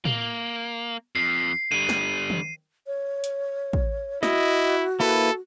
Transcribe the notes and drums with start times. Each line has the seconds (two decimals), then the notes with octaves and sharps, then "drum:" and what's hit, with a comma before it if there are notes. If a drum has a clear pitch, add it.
0.05 A#3, drum: tom
1.15 F2 C7
1.72 D3 G3 D#7
1.89 drum: snare
2.30 drum: tom D#3
2.87 C#5
3.24 drum: hi-hat
3.73 drum: kick
4.23 E4 F#4 D#5, drum: snare
5.00 A#3 E4 A4 B4